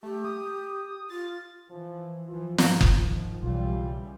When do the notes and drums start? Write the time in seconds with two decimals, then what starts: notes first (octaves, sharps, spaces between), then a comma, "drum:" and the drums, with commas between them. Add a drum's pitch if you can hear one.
0.03 A3 G4
0.25 D#6
1.10 F4 A6
1.70 E3 F3
2.29 E3 F3 F4
2.58 G#2 D#3 F3, drum: snare
2.81 drum: kick F#1
3.43 B1 C#3 E3 G3 F4